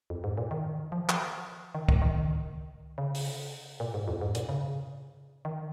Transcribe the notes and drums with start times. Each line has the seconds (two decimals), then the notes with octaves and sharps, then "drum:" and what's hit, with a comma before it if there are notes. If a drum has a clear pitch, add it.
0.10 F2
0.24 G#2
0.38 A#2
0.51 D#3
0.92 F3
1.09 drum: clap
1.75 D#3
1.89 D#3, drum: kick C#2
2.02 D#3
2.98 C#3
3.15 drum: open hi-hat
3.80 A#2
3.94 G#2
4.08 F2
4.21 G#2
4.35 A#2, drum: hi-hat
4.49 C#3
5.45 D#3